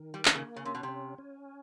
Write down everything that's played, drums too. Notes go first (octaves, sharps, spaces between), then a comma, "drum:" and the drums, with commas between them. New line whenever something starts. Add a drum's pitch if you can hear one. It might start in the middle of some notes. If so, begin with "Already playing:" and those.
Already playing: D#3
G3
A#3, drum: clap
C#3
C#3 C#4
C3
B2
C3
C#4
C#4